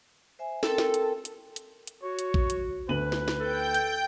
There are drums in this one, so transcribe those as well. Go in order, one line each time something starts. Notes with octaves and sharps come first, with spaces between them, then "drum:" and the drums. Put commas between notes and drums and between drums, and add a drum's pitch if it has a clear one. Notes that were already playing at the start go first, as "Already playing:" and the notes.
C5 E5 G#5
C4 A4 A#4 G5, drum: snare
drum: snare
drum: hi-hat
drum: hi-hat
drum: hi-hat
drum: hi-hat
F#4 C#5
drum: hi-hat
drum: kick A1
drum: hi-hat
D2 B4 D#7 F#7
drum: snare
drum: snare
A4 G5 G6
drum: hi-hat